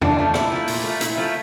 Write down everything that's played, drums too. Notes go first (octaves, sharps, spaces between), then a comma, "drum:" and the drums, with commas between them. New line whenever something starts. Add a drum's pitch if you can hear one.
A#2 D4, drum: tom E2
F3 A3
A#2 E4, drum: rim click
F3 A3
A#2, drum: open hi-hat
F3 A3
A#2 E4, drum: hi-hat
F3 A3